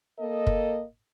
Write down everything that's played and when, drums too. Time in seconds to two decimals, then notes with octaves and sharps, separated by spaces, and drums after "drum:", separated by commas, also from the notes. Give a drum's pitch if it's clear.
0.20 A#3 A4 D#5
0.47 drum: kick